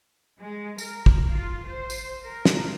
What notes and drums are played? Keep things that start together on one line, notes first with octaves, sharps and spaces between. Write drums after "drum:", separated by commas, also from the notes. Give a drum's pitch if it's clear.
G#3
A#4, drum: tambourine
drum: kick
F4
C5
drum: tambourine
A#4
drum: snare